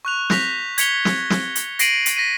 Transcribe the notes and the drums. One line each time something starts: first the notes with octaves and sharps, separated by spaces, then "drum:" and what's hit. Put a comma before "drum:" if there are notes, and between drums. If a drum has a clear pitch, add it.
C#6 F#6 F7
G6 A#6 B6 F7, drum: snare
G#6 B6 C#7 F7 G7, drum: hi-hat
drum: snare
drum: snare
drum: hi-hat
A#6 C7 D7 D#7 F#7, drum: hi-hat
drum: hi-hat
A#6 B6 D#7